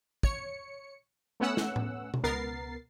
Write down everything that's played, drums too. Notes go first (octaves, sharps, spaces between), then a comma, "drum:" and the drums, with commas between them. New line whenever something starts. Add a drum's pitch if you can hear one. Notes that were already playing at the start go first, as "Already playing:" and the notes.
C#5 C#7, drum: kick
A3 B3 C#4 F#5 E6
drum: snare
drum: tom A2
drum: tom B2
C#2 B3 A#4 A6 C7